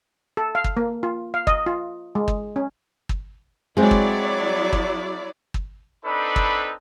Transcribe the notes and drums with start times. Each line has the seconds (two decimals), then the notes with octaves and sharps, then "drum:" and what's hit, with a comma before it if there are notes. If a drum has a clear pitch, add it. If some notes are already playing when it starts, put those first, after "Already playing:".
0.37 A4
0.55 F5
0.64 drum: kick
0.77 A#3
1.03 F4
1.34 F5
1.47 D#5, drum: kick
1.66 F4
2.15 G#3
2.28 drum: kick
2.56 C#4
3.09 drum: kick
3.77 F#3 G#3 C4 E4 D5
3.91 drum: kick
4.73 drum: kick
5.54 drum: kick
6.05 C4 D4 D#4 A4 B4 B5
6.36 drum: kick